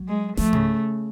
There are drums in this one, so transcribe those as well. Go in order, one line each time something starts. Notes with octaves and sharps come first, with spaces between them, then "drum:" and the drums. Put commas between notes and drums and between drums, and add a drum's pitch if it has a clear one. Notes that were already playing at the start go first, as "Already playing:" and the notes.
Already playing: F#3
G#3
F3 A3, drum: snare
C#3, drum: tom G#2